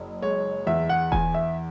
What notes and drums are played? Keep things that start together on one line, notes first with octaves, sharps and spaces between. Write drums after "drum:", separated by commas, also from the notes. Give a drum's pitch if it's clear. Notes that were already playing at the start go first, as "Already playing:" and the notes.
Already playing: F#1
G#3 C#5
E2 E5
F#5
E2 G#5, drum: kick E1
E5